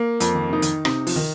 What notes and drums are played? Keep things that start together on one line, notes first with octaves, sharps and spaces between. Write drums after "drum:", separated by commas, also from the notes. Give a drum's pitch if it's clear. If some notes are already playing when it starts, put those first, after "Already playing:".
Already playing: A#3
F2 F3, drum: hi-hat
D#3
C3 D#4
D#3, drum: hi-hat
C3 D#4, drum: rim click
F3, drum: open hi-hat
D#3